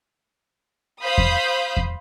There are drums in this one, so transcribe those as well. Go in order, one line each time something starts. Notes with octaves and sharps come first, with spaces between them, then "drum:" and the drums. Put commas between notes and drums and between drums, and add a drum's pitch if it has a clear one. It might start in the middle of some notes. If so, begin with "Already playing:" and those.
C5 F5 B5 D#6 G6
drum: kick E2
drum: kick E2